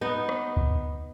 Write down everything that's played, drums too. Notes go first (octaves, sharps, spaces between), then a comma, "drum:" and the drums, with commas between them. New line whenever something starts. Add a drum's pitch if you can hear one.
B3 D#4
drum: rim click
drum: kick